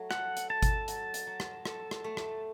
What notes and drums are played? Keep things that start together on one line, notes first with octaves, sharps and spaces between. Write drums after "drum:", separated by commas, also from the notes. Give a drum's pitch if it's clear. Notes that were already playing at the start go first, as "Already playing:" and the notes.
Already playing: F#3 A3
A4 F#5, drum: rim click
drum: hi-hat
A4 A5
drum: kick G1, hi-hat
F#3, drum: hi-hat
drum: hi-hat
F#3
drum: rim click
A4, drum: rim click
drum: rim click
A3
drum: rim click